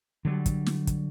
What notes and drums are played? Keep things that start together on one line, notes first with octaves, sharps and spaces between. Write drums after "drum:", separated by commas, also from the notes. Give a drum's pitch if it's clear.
D3 F#3 G3
drum: kick, hi-hat
drum: snare
drum: kick, hi-hat